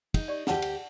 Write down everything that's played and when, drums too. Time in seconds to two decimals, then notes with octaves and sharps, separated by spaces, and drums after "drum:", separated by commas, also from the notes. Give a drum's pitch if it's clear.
0.14 D#4, drum: kick, cymbal
0.28 G4 D5
0.47 D2 G4 B4 F#5 A5, drum: snare
0.62 drum: cymbal